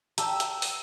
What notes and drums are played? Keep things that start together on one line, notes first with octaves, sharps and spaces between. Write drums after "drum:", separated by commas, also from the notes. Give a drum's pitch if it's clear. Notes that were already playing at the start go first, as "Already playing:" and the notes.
G4 D5 A5 A#5 E6, drum: hi-hat
drum: hi-hat
drum: open hi-hat